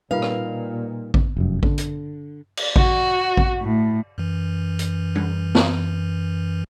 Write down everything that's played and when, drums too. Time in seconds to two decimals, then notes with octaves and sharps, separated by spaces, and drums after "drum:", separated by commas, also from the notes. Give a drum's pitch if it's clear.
0.11 A#2 G3 D#4 F4 A#4 B4 F5
0.22 drum: rim click
1.14 drum: kick A1
1.37 F1 F#2
1.63 D3, drum: kick A1
1.78 drum: hi-hat
2.57 drum: cymbal
2.76 F#4, drum: kick A1
3.37 drum: kick A1
3.60 A2
4.18 F#2 E3
4.79 drum: hi-hat
5.15 drum: tom G3
5.55 drum: snare